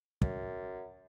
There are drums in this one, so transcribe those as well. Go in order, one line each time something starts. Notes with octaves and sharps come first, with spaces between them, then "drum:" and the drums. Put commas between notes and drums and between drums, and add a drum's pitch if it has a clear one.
F#2, drum: kick